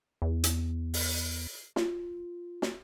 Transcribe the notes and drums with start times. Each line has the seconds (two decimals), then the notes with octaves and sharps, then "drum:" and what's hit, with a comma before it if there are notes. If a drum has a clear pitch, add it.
0.22 E2
0.44 drum: hi-hat
0.94 drum: open hi-hat
1.76 F4, drum: snare
2.62 drum: snare